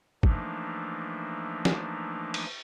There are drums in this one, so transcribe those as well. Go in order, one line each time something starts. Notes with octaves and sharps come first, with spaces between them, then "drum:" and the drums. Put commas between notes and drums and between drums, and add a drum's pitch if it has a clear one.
E3 F3 A3 A#3 D4 D#4, drum: kick
drum: snare
drum: cymbal